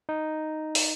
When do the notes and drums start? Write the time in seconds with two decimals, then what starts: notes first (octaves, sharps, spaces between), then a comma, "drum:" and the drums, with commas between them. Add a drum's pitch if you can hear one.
0.09 D#4
0.75 drum: open hi-hat